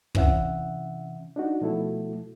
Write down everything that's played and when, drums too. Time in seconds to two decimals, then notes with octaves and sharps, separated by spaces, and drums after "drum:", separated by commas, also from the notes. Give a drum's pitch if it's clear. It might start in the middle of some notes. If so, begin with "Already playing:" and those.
0.15 C3 E3 C#4 E5 F#5, drum: kick
1.36 D4 D#4 F#4
1.61 B2 F3 A3 E4 F#4 A4